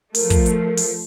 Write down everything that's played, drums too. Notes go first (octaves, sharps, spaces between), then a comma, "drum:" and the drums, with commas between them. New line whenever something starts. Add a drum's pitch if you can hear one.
F3 A3 A#4, drum: open hi-hat
drum: kick, hi-hat
drum: hi-hat
drum: open hi-hat